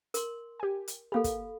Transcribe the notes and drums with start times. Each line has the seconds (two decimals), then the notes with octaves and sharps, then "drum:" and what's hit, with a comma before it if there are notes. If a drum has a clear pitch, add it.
0.14 A#4 C6, drum: hi-hat
0.60 G4 G#5
0.88 drum: hi-hat
1.12 A#3 G4 A4 F5 B5
1.24 drum: kick, hi-hat